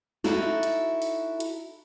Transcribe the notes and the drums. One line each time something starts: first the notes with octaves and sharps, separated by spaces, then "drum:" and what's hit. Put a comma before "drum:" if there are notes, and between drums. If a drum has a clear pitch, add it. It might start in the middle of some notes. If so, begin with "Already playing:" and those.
D#4 E4 F#4 A4, drum: snare
drum: hi-hat
drum: open hi-hat
drum: hi-hat